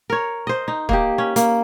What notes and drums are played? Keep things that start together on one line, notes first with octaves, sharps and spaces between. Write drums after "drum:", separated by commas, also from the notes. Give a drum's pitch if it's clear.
A#4 C#5
C5 D#5
D#4
A#3 D#4 G4, drum: kick
C#4
A#3, drum: hi-hat